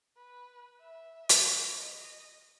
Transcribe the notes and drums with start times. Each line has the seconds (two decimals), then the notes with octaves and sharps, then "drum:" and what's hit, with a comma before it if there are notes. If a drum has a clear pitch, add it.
0.17 B4
0.81 E5
1.29 drum: hi-hat
1.77 D#5